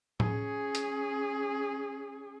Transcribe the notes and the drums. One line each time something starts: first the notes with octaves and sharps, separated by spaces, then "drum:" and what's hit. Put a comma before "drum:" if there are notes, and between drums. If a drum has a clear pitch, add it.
C#4 G#4, drum: tom A2
drum: hi-hat